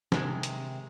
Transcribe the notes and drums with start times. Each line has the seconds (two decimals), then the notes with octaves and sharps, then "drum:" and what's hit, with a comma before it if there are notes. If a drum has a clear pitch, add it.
0.12 C3 D#3 G#3, drum: snare
0.43 drum: hi-hat